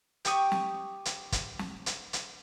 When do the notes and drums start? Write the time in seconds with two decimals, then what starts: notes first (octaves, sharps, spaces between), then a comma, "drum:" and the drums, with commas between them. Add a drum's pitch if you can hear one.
0.25 G4 G5 C#6 D#6, drum: hi-hat
0.52 drum: snare
1.05 drum: hi-hat
1.32 drum: kick, hi-hat
1.59 drum: snare
1.86 drum: hi-hat
2.13 drum: hi-hat